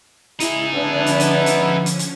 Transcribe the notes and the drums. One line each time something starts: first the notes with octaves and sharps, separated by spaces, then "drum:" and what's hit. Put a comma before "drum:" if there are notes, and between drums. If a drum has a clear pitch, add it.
C#3 D#4 E4 G#4 G#5 A#5, drum: hi-hat
D3 F3 B3 C#4 D4 E4
drum: hi-hat
drum: hi-hat
drum: hi-hat
drum: hi-hat
drum: hi-hat